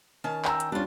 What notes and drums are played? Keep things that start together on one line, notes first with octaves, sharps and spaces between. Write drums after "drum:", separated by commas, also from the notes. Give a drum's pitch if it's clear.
D#3 C#4 A5
G5 A#5 E6, drum: clap
drum: hi-hat
G3 C#4 D4 F4